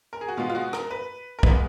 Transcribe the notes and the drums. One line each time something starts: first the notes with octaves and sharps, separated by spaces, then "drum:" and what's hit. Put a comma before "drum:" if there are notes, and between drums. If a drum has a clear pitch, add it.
A#4
G#4
F#4
B2 G#3 B3 F4
F4
F#4
A#4, drum: rim click
B4
A#4
A#2 G#3 B3 B4, drum: kick